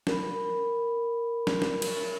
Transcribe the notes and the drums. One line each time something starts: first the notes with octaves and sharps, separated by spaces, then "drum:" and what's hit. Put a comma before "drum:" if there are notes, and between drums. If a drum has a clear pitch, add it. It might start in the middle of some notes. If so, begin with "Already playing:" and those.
A#4 B5, drum: snare
drum: snare
drum: snare
drum: cymbal